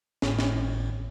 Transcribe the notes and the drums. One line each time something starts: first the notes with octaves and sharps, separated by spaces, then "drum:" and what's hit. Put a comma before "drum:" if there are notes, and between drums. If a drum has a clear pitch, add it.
G#1 A2, drum: snare
drum: snare